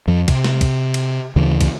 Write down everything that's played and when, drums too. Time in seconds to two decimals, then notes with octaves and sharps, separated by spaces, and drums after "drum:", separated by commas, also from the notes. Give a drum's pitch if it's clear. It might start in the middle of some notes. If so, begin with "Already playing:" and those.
0.07 F2 F3
0.28 C3, drum: kick, cymbal
0.44 drum: snare
0.61 drum: kick, cymbal
0.94 drum: cymbal
1.36 D2 C#3 E3
1.61 drum: kick, cymbal